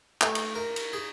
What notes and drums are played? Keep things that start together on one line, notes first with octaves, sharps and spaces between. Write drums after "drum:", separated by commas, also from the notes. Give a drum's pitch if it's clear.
A3, drum: clap
drum: cymbal
A#4
drum: cymbal
G#4